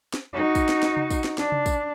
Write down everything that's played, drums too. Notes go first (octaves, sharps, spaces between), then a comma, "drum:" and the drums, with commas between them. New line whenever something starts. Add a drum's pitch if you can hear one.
drum: snare
D#4 F#4
drum: kick, tambourine
drum: snare
drum: snare
drum: tom C3
drum: kick, tambourine
drum: snare
D4, drum: snare
drum: tom C3
drum: kick, tambourine